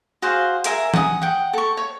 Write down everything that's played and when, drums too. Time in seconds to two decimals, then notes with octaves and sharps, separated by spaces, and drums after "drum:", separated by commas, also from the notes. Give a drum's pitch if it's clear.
0.22 F#4 G#4 C5 F5
0.64 G#4 A#4 E5 G#5, drum: hi-hat
0.94 F#5 G#5 A5 D#6, drum: tom
1.22 F#5 G5
1.53 A4 C#6
1.77 C#5